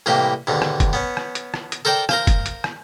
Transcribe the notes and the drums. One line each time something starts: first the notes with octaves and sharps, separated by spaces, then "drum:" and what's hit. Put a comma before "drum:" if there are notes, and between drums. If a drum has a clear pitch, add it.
C2 A2 E3 A#3 G4
D#2 G#2 B2 D3
drum: rim click
drum: kick, hi-hat
B3 C#4
drum: rim click
drum: hi-hat
drum: rim click
drum: hi-hat
A4 A#4 C5 D5 G5
A#4 C5 F5, drum: rim click
drum: kick, hi-hat
drum: hi-hat
drum: rim click